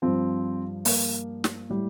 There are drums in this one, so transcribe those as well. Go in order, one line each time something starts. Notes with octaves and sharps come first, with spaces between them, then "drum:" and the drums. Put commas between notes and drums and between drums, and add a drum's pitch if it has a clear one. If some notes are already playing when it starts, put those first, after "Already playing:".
G2 F3 C4
A#3, drum: open hi-hat
drum: snare
A2 G3